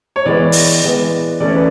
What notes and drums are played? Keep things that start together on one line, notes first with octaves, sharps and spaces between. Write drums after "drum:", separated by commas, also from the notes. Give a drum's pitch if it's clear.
C#5
E3 G#3 B3 D5
drum: open hi-hat
E3 G#3 B3
E3 A3 C#4 D5
C#5
B4